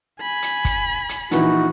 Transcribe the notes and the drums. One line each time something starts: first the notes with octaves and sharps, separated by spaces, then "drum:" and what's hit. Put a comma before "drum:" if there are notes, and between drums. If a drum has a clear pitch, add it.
G#5 B5
drum: hi-hat
drum: kick, hi-hat
drum: hi-hat
A#1 E3 D#4 E4 F#4, drum: hi-hat